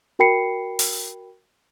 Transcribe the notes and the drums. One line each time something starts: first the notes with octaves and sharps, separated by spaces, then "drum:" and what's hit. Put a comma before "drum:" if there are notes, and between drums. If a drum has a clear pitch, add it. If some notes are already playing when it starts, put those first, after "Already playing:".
F#4 A#4 G5 B5 C7 C#7
drum: open hi-hat